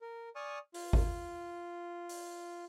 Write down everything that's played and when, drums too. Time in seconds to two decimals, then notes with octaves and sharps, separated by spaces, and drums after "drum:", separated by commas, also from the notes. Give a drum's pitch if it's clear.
0.01 A#4
0.36 D5 G#5 C#6 D#6 F6
0.74 F4, drum: open hi-hat
0.93 drum: kick G#1
2.09 drum: open hi-hat